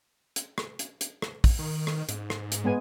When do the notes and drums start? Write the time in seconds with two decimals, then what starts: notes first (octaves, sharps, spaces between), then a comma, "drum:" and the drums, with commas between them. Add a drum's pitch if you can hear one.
0.36 drum: hi-hat
0.58 drum: rim click
0.79 drum: hi-hat
1.01 drum: hi-hat
1.22 drum: rim click
1.44 drum: kick, open hi-hat
1.59 D#3
1.87 drum: rim click
2.09 G#2, drum: hi-hat
2.30 drum: rim click
2.52 drum: hi-hat
2.64 G#3 B3 G#5